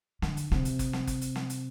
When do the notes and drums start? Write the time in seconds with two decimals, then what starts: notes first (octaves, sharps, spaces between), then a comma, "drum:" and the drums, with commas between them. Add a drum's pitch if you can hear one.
0.22 D3, drum: snare
0.37 drum: hi-hat
0.52 C3, drum: snare
0.65 drum: hi-hat
0.79 drum: kick F#1, hi-hat
0.93 drum: snare
1.07 drum: kick F#1, hi-hat
1.21 drum: hi-hat
1.36 drum: snare
1.50 drum: hi-hat